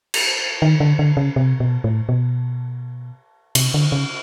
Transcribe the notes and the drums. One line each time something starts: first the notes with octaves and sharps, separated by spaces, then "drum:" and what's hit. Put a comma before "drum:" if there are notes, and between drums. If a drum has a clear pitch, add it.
drum: cymbal
D#3
D3
D3
C#3
C3
B2
A2
B2
C3, drum: cymbal
D3
C#3